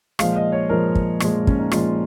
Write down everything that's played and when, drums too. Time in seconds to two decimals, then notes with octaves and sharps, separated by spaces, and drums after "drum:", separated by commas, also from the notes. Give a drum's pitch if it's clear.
0.19 A#2 F3 G#3 F5, drum: rim click
0.36 D#5
0.52 C#5
0.69 A#2 F3 G#3 A#4
0.95 drum: kick
1.20 A#2 F3 G#3, drum: rim click
1.47 C#4, drum: kick
1.59 D#4
1.72 A#2 F3 G#3 F4, drum: rim click